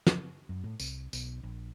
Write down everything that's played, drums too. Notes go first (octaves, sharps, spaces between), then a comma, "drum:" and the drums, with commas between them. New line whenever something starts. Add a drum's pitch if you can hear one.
drum: snare
F#2
A2
C2, drum: tambourine
B1, drum: tambourine
A#1